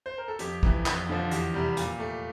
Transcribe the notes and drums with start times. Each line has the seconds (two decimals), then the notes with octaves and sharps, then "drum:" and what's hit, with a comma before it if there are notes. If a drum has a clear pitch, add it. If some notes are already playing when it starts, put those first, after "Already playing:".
0.06 C5
0.18 A#4
0.28 A4
0.39 F2 G4, drum: hi-hat
0.63 C3 E3, drum: kick
0.86 F2, drum: clap
1.09 D3 F3
1.31 E2 G4, drum: hi-hat
1.54 C3 G3
1.77 A#2, drum: hi-hat
2.00 A3